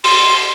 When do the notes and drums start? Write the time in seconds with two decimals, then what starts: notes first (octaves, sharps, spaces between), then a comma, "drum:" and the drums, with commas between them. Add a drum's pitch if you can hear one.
0.04 C6, drum: open hi-hat